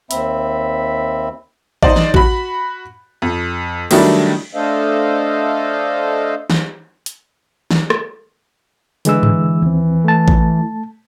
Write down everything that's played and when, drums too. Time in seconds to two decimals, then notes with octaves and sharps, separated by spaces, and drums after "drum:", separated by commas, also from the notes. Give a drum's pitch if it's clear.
0.11 D#2 C4 E5 B5, drum: hi-hat
1.83 D#4 C5 D5, drum: kick A1
1.96 drum: snare
2.14 F#4 B5, drum: kick A1
3.22 F2
3.91 D#3 F#3 G3 A3 D4 E4, drum: cymbal
4.55 A3 D4 A4 C5 D#5 F5
6.50 drum: snare
7.06 drum: hi-hat
7.71 drum: snare
7.90 drum: rim click
9.05 D3 E3 G#3 E6, drum: hi-hat
9.23 drum: tom G2
9.62 D#2 C4
10.04 A3 A5
10.28 drum: kick A1